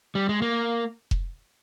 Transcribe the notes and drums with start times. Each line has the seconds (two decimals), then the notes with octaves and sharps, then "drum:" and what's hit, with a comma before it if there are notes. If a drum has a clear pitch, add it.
0.15 G3
0.29 G#3
0.42 A#3
1.11 drum: kick F1